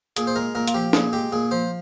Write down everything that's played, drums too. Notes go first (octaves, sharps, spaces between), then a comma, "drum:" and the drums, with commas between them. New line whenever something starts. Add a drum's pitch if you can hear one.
A#2 G#4, drum: hi-hat
C5
G#3 A#4
A#2 A#4
F4, drum: hi-hat
F3 G4
A#2 G#4, drum: snare D4
G#3 G4
A#2 G#4
F3 C5